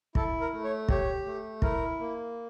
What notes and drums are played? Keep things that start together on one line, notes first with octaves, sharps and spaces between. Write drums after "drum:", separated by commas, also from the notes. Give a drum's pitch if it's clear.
E4 A4, drum: kick
A#4
A3
C#5
G4 C#5, drum: kick
A3
E4 A#4, drum: kick
A#3